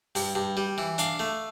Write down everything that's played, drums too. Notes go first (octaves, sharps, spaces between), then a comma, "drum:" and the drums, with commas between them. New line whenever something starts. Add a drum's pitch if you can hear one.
G2, drum: open hi-hat
G2
G3
E3
D4 F5, drum: hi-hat
A3